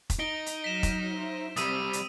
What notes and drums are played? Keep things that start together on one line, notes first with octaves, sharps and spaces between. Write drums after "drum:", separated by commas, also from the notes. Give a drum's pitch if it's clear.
drum: kick F1, hi-hat
D#4 D7 G7
drum: hi-hat
F#3 F6 B6 E7
drum: kick F1, hi-hat
C5 E5
C2 G3 C4 D#6 E6 D#7, drum: hi-hat
drum: hi-hat